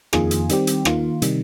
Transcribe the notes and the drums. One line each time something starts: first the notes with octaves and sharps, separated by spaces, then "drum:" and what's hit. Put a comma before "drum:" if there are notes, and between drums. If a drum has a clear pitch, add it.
F2 D#3 A#3 F4 G#4, drum: rim click
drum: hi-hat
D#3 G3 C4 G4, drum: hi-hat
drum: hi-hat
D#3 A#3 F4, drum: rim click
C3 D#3 G3, drum: hi-hat